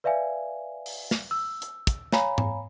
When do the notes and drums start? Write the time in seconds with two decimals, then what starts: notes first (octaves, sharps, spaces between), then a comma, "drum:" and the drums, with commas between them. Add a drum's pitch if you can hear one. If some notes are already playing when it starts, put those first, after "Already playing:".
0.04 B4 D5 E5 F5 G#5
0.86 drum: open hi-hat
1.11 drum: snare
1.31 E6
1.62 drum: hi-hat
1.87 drum: kick, hi-hat
2.12 C#5 F5 G#5 A#5 B5, drum: snare
2.38 drum: tom G#2